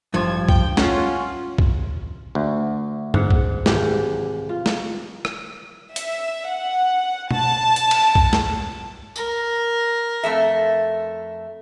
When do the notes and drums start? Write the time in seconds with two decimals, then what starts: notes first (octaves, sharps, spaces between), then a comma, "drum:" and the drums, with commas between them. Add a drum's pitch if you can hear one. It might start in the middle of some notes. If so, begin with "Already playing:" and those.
0.14 A1 G2 F3 G#6
0.49 G5, drum: kick
0.77 C#4 F4 F#5, drum: snare
1.58 drum: kick
2.35 D2
3.14 G#2 F#5, drum: tom
3.30 drum: kick
3.66 G#1 C3 E3 G4, drum: snare
4.49 F4
4.66 drum: snare
5.25 drum: rim click
5.96 E5, drum: hi-hat
6.51 F#5
7.31 A5, drum: tom B2
7.76 drum: hi-hat
7.91 drum: cymbal
8.15 drum: kick
8.33 drum: snare
9.16 A#4, drum: tambourine
10.23 F2 A3 E5